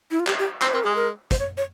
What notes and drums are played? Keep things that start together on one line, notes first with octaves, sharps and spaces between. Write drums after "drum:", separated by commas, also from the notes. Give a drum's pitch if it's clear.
E4
F4
G4, drum: clap
G4
C4 C5, drum: clap
C4 A#4
G#3 G#4
A#4
C5, drum: kick, hi-hat
C#5
C#5